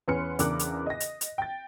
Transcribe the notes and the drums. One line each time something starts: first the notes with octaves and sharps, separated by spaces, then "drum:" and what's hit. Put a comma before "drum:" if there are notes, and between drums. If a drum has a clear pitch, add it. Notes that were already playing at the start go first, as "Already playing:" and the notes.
E2 C#4 B4 C6 F6 C#7
E2 C#3 D4 A#4 D6 F#6, drum: hi-hat
drum: hi-hat
D#5 A#6
drum: hi-hat
drum: hi-hat
G5 A6